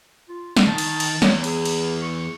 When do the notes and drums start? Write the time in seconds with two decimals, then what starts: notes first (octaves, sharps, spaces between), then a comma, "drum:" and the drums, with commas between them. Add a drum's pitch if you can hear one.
0.29 F4
0.57 drum: snare
0.67 D#3 A5
0.78 drum: cymbal
1.00 drum: cymbal
1.22 E2 C#5, drum: snare
1.44 G#4, drum: cymbal
1.65 drum: cymbal
2.02 C#6